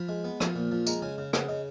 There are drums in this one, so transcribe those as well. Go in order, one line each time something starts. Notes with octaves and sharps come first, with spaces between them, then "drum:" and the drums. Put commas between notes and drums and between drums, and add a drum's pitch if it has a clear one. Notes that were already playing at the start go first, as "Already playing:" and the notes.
Already playing: F3 B5
G#3
B3
F3, drum: rim click
A#2
F3
G#3 A#5, drum: tambourine
C#3 G#5
C#3
C#3 F#5, drum: rim click
C#3 D#5